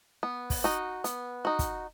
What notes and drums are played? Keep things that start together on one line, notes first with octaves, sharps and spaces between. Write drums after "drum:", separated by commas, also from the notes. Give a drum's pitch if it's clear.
B3
drum: kick, open hi-hat
D#4 F#4
B3, drum: hi-hat
D#4 F#4
drum: kick, hi-hat